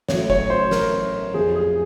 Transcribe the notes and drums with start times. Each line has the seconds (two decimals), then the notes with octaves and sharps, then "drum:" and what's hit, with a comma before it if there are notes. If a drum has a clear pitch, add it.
0.09 A1 A2 F#3 C#5, drum: snare
0.30 C#5, drum: kick F#1
0.50 C5
0.71 A#4, drum: snare
1.34 F2 C3 F3 G#4
1.55 G#4